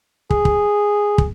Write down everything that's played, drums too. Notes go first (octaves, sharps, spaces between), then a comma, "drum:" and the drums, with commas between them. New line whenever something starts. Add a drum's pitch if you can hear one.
G#4, drum: kick
drum: kick
drum: kick